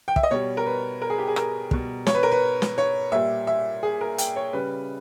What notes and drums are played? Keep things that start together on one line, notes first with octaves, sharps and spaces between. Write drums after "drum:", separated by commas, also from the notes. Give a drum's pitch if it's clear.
G5
E5, drum: kick
D#5
B2 G3 C#5
A#4
B4
A#4
G#4
G4
G#4
A#4, drum: rim click
B2 G3, drum: kick
C#5, drum: snare
B4
A#4
B4
drum: snare
C#5
A#2 G3 E5
E5
G#4
A#4
G5, drum: hi-hat
C#5
C#3 G3 B4